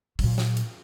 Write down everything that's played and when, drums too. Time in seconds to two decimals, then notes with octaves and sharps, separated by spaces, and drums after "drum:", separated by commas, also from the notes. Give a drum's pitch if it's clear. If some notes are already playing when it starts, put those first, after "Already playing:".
0.19 A#2 F#3, drum: kick, open hi-hat
0.38 drum: snare
0.57 drum: hi-hat